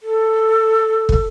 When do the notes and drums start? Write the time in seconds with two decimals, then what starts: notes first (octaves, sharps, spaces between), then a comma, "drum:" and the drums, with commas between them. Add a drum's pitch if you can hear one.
0.03 A4
1.09 drum: kick